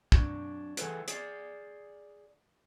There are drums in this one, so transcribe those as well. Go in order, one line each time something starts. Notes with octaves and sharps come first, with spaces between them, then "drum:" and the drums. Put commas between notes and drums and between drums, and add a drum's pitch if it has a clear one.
F#3 D4, drum: kick
E3 G#4 A4 B4, drum: hi-hat
G#4 D5, drum: hi-hat